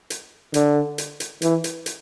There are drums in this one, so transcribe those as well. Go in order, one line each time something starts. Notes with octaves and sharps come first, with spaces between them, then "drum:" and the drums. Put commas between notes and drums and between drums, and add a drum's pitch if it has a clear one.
drum: hi-hat
D3, drum: hi-hat
drum: hi-hat
drum: hi-hat
E3, drum: hi-hat
drum: hi-hat
drum: hi-hat